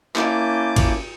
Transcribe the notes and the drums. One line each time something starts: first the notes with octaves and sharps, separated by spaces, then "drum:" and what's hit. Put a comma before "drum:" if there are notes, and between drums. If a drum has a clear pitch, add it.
A#3 C#4 E4 A5 D6 G6, drum: clap
drum: kick G#1, cymbal